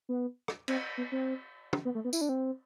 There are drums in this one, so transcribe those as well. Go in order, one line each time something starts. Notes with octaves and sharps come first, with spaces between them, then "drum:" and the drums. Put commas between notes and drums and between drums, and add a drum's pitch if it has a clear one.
B3
drum: rim click
C4, drum: cymbal
B3
C4
drum: tom
B3
A3
B3
E4, drum: tambourine
D4
C4